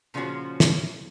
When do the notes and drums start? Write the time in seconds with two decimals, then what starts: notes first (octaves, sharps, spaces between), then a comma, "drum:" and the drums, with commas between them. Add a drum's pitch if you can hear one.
0.14 A#2 C#3 F3 A3 C#4 F#4
0.60 drum: snare